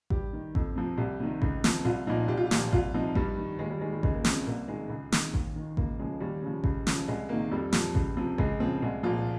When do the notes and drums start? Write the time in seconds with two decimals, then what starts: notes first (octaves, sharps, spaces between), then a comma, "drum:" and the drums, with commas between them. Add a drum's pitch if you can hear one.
0.10 G2 G4, drum: kick A1
0.33 D#3
0.55 F2, drum: kick A1
0.76 C3 F3
0.97 C2 G4
1.20 C3 D#3
1.42 C#2, drum: kick A1
1.64 C3 F3, drum: snare
1.85 C2 F4
2.07 A#2 F3 D#4
2.28 C2 G4
2.37 F4
2.46 G4
2.51 A#2 F3, drum: snare
2.73 C2 F4, drum: kick A1
2.94 C3 F3 D#4
3.15 G2 G3, drum: kick A1
3.37 D#3
3.59 D#2 G#3
3.70 G3
3.81 D#3 G#3
3.92 G3
4.03 C#2 G#3, drum: kick A1
4.14 A#3
4.24 C#3 F3 C4, drum: snare
4.36 C4
4.46 C2 A#3
4.68 C3 D#3 G#3
4.90 C#2
5.12 C3 D#3, drum: snare
5.34 D#2, drum: kick A1
5.56 D#3
5.77 C#2 A#3, drum: kick A1
5.99 C#3 F3 G#3
6.20 D#2 G3
6.42 C#3 F3
6.64 C#2, drum: kick A1
6.87 C#3 F3, drum: snare
7.08 C2 G#3
7.29 C3 D#3 A#3
7.51 F2 G3
7.72 C3 F3, drum: snare
7.95 C#2, drum: kick A1
8.17 C3 F3
8.38 C#2 G#3, drum: kick A1
8.60 C#3 F3 C4
8.82 C2 G#3
9.03 A#2 F3 F4